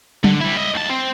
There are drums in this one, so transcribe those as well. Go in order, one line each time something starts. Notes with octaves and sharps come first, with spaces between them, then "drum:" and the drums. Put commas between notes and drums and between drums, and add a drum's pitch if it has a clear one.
D3, drum: tom F#3
G3 E4
D#5 E5
D#2 A5
C4